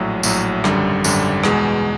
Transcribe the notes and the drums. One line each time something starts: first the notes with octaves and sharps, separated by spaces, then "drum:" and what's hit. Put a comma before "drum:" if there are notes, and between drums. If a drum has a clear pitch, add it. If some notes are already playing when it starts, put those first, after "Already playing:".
Already playing: A#1 A2 F#3
A#1 A2 F#3, drum: tambourine
G#1 F#2 D3 G3, drum: rim click
G#1 F#2 D3 G3, drum: tambourine
E2 B2 G#3, drum: rim click